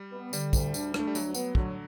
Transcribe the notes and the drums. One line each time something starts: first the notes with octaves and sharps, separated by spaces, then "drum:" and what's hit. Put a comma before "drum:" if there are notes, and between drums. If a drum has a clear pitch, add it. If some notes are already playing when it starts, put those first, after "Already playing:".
Already playing: G3
B3
D3 G3, drum: tambourine
D2, drum: kick, tambourine
D4, drum: tambourine
A3 D4, drum: rim click
G3
D2 F#3, drum: tambourine
B3, drum: tambourine
D3 F#3, drum: kick